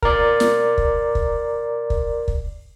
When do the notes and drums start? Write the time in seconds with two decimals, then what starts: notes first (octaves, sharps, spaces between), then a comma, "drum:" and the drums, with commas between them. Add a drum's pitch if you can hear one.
0.03 A#4 D5, drum: kick
0.40 drum: snare
0.78 drum: kick
1.15 drum: kick
1.90 drum: kick
2.28 drum: kick